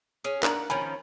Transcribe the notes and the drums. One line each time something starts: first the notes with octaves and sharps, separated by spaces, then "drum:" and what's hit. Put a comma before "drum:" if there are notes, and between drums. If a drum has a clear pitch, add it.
C#4 G#4
D4 A#4 F#5, drum: clap
D#3 F3 C#4 G#5 B5